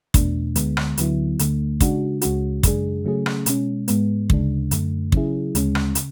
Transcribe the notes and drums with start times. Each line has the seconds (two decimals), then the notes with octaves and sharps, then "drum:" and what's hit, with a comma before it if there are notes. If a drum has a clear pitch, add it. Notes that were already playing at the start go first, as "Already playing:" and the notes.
0.14 E2 B2 A3 D4, drum: kick, hi-hat
0.56 D2 D3 G#3 B3, drum: hi-hat
0.77 drum: rim click
0.97 D2 D3 F#3 B3 E4, drum: hi-hat
1.39 D2 D3 A3, drum: hi-hat
1.81 C#3 G#3 D4 F#4, drum: kick, hi-hat
2.21 C#2 C#3 G#3 C#4 F#4, drum: hi-hat
2.63 F#2 C#3 G#3 D4 G#4, drum: kick, hi-hat
3.05 C#3 F#3 A3 C#4 G#4
3.26 drum: rim click
3.46 B2 G#3 C#4, drum: hi-hat
3.88 G#2 G#3 B3, drum: hi-hat
4.30 D2 C#3 G#3 D4, drum: kick
4.71 F#2 D3 A3, drum: hi-hat
5.12 C#3 F#3 C#4 E4 G#4, drum: kick
5.55 D2 C#3 G#3 C#4, drum: hi-hat
5.75 drum: rim click
5.95 C#3, drum: hi-hat